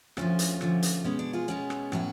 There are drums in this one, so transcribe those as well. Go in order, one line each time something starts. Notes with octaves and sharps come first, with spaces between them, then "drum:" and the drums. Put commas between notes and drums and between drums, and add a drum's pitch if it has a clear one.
D2 D3 F3 C#4 F4, drum: rim click
drum: hi-hat
D2 D3 F3, drum: rim click
drum: hi-hat
B2 G#3 B3 C#4
D4
F4 G#4
B2 G#3 B3 C#4
drum: rim click
A2 F#3 B3, drum: rim click